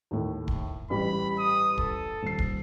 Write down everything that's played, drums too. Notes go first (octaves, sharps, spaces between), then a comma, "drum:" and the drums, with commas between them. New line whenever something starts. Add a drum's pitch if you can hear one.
D#2 A2
drum: kick D1
A1 G3 B5
D#6
A4, drum: kick D1
D#1 C7
drum: kick D1